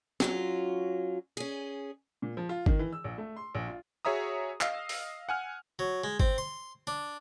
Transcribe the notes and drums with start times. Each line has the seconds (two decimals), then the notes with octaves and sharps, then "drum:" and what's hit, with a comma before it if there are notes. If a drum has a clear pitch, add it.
0.20 F#3 C#4 F4, drum: snare
1.37 C#4 G#4
2.22 A#2
2.37 F3
2.49 F4
2.66 D#3, drum: kick G1
2.79 E3
2.93 E6
3.04 A#1
3.18 A3
3.36 C6
3.55 A#1
3.68 F4
4.05 F#4 G#4 C#5 E5 A#5 D#6
4.61 D#5 F5 E6, drum: clap
4.89 drum: open hi-hat
5.29 F#5 G#5 F6
5.79 F#3
6.04 G#3
6.20 C4, drum: kick G1
6.38 C6
6.87 D4